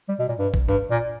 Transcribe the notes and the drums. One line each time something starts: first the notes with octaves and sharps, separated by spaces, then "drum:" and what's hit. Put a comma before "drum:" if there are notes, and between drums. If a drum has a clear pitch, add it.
G3
B2
A#2
G2
drum: kick A#1
G2, drum: tom F2
A#2